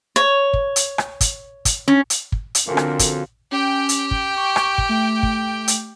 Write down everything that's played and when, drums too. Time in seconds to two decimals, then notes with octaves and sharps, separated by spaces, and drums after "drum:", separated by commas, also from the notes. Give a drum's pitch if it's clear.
0.16 C#5
0.53 drum: kick
0.76 drum: hi-hat
0.98 drum: rim click
1.21 drum: kick, hi-hat
1.65 drum: kick, hi-hat
1.88 C#4
2.10 drum: hi-hat
2.32 drum: kick
2.55 drum: hi-hat
2.67 F2 D3 A#3 C4 C#4 F#4 A#4
2.77 drum: rim click
2.99 drum: kick, hi-hat
3.52 C#4 G4 G5
3.89 drum: hi-hat
4.11 drum: kick
4.37 C#6
4.56 drum: rim click
4.78 drum: kick
4.89 A3
5.23 drum: kick
5.68 drum: hi-hat